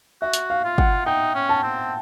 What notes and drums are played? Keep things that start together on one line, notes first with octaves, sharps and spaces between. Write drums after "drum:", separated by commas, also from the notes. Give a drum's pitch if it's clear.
F#4 E5
drum: hi-hat
F5
F4
F#5, drum: kick
D#4 G5
C#4
A5
C4